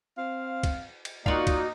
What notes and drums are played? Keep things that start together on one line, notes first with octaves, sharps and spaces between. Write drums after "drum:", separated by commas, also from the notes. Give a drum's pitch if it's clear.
C4 F5
drum: kick, cymbal
drum: cymbal
A#3 D#4 F4 F#4 D5 F5, drum: kick
drum: kick, cymbal